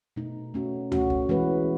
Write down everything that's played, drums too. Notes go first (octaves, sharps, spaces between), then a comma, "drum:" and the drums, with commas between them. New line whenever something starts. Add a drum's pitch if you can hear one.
B2 A3 D#4
A3 C#4 F#4
A3 C#4 F#4, drum: tom C#2
drum: kick G1
E3 G#3 C#4 F#4 B4